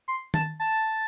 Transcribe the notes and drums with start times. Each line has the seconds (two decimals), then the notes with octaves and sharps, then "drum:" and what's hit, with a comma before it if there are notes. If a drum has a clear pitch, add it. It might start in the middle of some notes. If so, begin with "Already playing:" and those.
0.08 C6
0.34 A5, drum: tom
0.60 A5